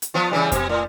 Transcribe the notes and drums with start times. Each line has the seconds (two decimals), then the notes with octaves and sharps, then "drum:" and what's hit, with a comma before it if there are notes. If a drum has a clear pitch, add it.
0.02 drum: hi-hat
0.14 F3 B3 F4
0.31 C#3 E3 G3
0.52 B2, drum: kick F2, hi-hat
0.69 A2